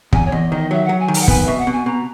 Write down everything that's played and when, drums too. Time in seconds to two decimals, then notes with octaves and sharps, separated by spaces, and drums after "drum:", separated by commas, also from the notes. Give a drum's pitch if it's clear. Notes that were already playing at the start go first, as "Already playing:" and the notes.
0.13 E2 G#5, drum: kick
0.25 C#5
0.32 E2 D#5
0.52 D#3 D#5
0.71 F#3 E5
0.85 F#3 F#5
0.99 G#5
1.08 D#3
1.14 A#5, drum: open hi-hat
1.21 F#5
1.28 B3 G#5, drum: kick
1.42 E5
1.48 B2
1.57 F#5
1.67 B2 G#5
1.86 B2 A#5